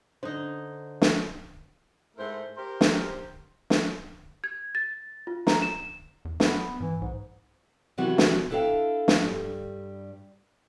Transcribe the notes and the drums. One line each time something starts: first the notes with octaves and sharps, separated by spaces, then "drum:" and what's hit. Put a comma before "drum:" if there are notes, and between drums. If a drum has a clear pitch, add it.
D3 D#4 C5
drum: snare
G#2 A3 E4 A#4 C5
G4 A#4 C5
drum: snare
drum: snare
G#6
A6
F4
A#5, drum: snare
E7
E2
F#3 B3, drum: snare
G#2 E3
C2 G#2
C3 D#3 E3 F#3 B3 F#4
drum: snare
D4 E4 A4 B4 F5 G5
drum: snare
G2 G3